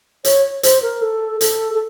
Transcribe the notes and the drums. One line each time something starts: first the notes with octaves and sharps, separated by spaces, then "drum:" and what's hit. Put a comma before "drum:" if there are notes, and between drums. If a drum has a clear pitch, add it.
C#5, drum: hi-hat
C5, drum: hi-hat
A#4
A4
A4, drum: hi-hat
A4